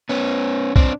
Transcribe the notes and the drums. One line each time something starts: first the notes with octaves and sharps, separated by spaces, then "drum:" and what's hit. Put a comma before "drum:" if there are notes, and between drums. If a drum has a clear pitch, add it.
B3 C#4
C4 D4, drum: kick B1